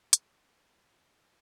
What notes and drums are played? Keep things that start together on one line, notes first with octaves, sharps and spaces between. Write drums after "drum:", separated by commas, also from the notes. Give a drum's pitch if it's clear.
B3 C5, drum: hi-hat